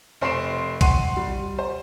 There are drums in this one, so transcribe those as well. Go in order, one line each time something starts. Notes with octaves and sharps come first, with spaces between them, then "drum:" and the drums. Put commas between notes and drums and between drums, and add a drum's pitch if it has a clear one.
F1 C5 C6 C7 D7 E7
F#5 C6 C7 D#7, drum: kick A#1, hi-hat
G3
C5